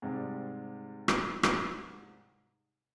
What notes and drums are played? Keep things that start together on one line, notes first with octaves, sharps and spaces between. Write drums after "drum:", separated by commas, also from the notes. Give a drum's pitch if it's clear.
G#2 C3 G3
drum: rim click
drum: rim click